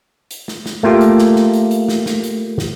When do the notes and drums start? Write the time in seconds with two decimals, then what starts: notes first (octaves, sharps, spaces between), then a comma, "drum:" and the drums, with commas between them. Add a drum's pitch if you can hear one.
0.31 drum: hi-hat
0.48 drum: snare
0.66 drum: snare
0.83 A3 A#3 F4 G4
1.01 drum: hi-hat
1.18 drum: snare
1.36 drum: snare
1.53 drum: hi-hat
1.71 drum: hi-hat
1.88 drum: snare
2.06 drum: snare
2.24 drum: hi-hat
2.59 drum: snare